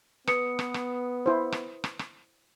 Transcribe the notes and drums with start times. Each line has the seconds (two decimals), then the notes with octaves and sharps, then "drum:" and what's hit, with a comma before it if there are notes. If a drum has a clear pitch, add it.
0.27 B3 B4 D#6 C#7, drum: rim click
0.59 drum: rim click
0.74 drum: rim click
1.26 E4 C5
1.52 drum: rim click
1.84 drum: rim click
1.99 drum: rim click